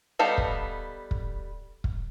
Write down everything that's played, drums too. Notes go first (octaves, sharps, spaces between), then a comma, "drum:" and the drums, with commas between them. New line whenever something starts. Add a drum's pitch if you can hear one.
G3 B3 D#4 A4 F5
drum: kick
drum: kick
drum: kick